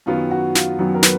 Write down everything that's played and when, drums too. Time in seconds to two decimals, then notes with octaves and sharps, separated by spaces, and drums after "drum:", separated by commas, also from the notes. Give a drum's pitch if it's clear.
0.06 F#2 D#3 F#3 B3 F4
0.31 F#4
0.55 F4, drum: snare
0.79 F#2 D#3 F#3 B3
0.94 A#4
1.03 B4, drum: snare